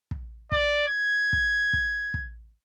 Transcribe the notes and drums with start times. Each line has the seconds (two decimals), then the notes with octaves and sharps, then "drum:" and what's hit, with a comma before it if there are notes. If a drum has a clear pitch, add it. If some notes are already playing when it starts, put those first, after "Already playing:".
0.11 drum: kick
0.52 D5, drum: kick
0.87 G#6
1.33 drum: kick
1.73 drum: kick
2.14 drum: kick